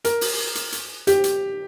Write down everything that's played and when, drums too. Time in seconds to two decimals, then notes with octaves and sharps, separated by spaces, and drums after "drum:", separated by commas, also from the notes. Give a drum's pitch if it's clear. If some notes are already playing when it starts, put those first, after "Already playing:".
0.04 A#4, drum: hi-hat
0.21 drum: open hi-hat
0.55 drum: hi-hat
0.72 drum: hi-hat
1.07 G4, drum: hi-hat
1.24 drum: hi-hat